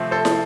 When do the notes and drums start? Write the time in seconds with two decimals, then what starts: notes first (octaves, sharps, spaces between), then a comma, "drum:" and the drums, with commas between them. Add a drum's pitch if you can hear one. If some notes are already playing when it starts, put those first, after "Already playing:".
Already playing: C3 F3 A3 C4
0.11 A4 C5
0.25 drum: snare